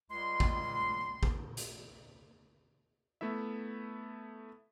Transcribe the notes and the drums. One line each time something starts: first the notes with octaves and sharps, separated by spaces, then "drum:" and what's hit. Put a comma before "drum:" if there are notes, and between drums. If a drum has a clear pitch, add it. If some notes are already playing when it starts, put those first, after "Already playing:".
C#2 G3 G#3 C6
drum: kick A1
drum: kick A1
drum: hi-hat
A3 B3 E4 E5